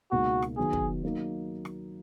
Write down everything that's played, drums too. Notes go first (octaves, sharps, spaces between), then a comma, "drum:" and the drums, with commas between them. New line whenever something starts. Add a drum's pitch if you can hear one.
C#2 B2 A#3 D#4 F#4
drum: rim click
D#3 F#3 B3 D#4 G#4
drum: kick
F#3 A#3 D#4
drum: rim click